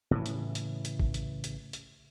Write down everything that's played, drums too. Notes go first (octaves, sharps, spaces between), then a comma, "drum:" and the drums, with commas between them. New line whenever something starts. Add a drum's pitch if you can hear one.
A2 C#3 E3
drum: hi-hat
drum: hi-hat
drum: hi-hat
drum: kick
drum: hi-hat
drum: hi-hat
drum: hi-hat